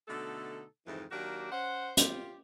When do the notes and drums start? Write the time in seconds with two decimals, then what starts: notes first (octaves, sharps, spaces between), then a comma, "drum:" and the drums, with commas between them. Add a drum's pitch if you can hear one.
0.08 B2 D3 A3 D#4 A4
0.86 F2 G#2 C3 D#3 E3
1.10 D#3 F#3 A#3 D4 F#4 G4
1.51 C#4 C5 F#5
1.97 F4 G4, drum: hi-hat